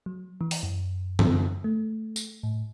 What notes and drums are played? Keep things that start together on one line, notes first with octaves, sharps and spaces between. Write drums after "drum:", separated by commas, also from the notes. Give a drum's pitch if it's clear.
F#3
E3
drum: open hi-hat
F#2
drum: tom
A3
drum: tambourine
A2